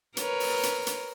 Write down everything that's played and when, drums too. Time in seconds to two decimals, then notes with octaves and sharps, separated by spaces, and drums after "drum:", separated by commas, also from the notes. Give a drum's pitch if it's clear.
0.17 A#4 B4 C#5, drum: hi-hat
0.40 drum: open hi-hat
0.63 drum: hi-hat
0.87 drum: hi-hat